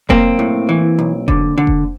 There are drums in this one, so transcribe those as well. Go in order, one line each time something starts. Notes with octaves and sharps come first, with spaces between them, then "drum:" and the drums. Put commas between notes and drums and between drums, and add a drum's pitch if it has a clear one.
B1 A#3 C4, drum: kick F1
A2
E3
B1
D3, drum: kick F1
D3
drum: kick F1